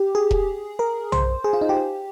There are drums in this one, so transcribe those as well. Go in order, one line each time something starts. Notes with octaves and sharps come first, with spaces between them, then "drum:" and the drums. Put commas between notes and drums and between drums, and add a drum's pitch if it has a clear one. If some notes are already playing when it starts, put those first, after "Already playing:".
Already playing: G4
G#4
drum: kick E1
A#4
C5, drum: tom B1
G#4
F4
D#4
G4